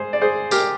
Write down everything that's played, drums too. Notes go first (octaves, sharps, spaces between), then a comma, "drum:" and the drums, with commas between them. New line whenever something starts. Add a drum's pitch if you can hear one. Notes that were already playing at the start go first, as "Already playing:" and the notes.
Already playing: G#2 G#4 C5
D5
G#4 C5
G4 A#4, drum: tambourine